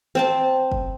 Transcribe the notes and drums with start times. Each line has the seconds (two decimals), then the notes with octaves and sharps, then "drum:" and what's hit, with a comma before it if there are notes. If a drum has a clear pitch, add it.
0.15 C4 C5 A5
0.72 drum: kick F#1